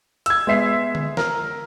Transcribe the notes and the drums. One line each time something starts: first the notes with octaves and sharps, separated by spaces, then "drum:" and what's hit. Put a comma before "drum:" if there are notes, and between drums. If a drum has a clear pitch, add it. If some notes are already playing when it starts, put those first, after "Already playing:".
E6 G#6, drum: hi-hat
G#3 B3 E5 C7
drum: tom D3
A#4, drum: snare